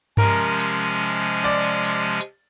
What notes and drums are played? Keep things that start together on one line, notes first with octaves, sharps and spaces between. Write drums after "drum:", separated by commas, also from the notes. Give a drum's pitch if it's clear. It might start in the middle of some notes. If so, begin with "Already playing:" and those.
C3 F3 G#3 C#4 A#4, drum: tom G2
drum: hi-hat
D5
drum: hi-hat
drum: hi-hat